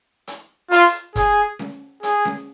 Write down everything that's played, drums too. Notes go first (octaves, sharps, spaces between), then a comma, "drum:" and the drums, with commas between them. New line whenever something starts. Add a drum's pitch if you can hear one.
drum: hi-hat
F4, drum: open hi-hat
G#4, drum: kick, hi-hat
drum: snare C#4
G#4, drum: hi-hat
drum: snare C#4